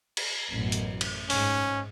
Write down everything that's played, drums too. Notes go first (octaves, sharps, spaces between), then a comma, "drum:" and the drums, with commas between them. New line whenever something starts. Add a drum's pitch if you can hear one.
drum: cymbal
A1 F#2 B2
drum: hi-hat
drum: cymbal
G#2 C#4, drum: open hi-hat